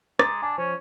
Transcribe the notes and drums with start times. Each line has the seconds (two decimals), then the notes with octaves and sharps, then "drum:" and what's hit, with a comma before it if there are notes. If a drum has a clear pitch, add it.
0.19 G#3 A#5 D6 A6, drum: rim click
0.42 D4 G#5
0.58 F3 C#4